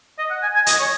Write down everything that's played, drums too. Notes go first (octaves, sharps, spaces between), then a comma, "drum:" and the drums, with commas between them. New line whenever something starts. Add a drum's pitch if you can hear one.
D#5
F#5
G#5
G#5
D#5, drum: hi-hat
C#5